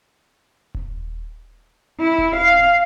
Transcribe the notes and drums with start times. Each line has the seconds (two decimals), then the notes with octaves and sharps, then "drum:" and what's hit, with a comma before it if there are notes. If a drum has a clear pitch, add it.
0.74 drum: kick D#1
2.00 E4
2.18 drum: kick D#1
2.37 F5